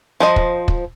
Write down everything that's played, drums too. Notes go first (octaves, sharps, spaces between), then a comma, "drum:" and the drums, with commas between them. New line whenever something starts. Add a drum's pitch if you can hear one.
F3 C5 D#5
drum: kick
drum: kick